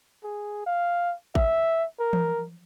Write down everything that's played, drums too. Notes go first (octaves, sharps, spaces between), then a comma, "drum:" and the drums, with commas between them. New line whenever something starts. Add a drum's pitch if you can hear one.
G#4
F5
E5, drum: kick
A#4
drum: tom E3